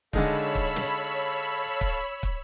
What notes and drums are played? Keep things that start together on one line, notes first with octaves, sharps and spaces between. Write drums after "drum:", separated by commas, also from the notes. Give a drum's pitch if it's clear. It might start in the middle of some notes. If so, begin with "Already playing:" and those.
D3 G#3 D#4 A4 C#5 F5 B5 E6, drum: kick
drum: kick
drum: snare
drum: kick
drum: kick